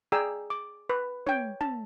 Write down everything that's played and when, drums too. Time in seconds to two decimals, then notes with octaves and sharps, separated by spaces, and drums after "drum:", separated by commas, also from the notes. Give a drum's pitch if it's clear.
0.12 G#4 D5 G5 A#5 E6
0.50 D6
0.89 B4
1.27 C#5 G5, drum: tom
1.61 A5, drum: tom